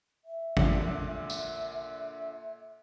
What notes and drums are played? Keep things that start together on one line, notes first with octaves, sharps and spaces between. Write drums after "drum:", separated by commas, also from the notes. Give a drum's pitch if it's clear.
E5
A#2 D3, drum: kick G#1
drum: tambourine